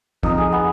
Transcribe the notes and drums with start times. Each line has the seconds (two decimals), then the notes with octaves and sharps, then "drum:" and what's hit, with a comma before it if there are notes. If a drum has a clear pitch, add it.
0.23 F2 D#4, drum: kick
0.38 G#4
0.52 B3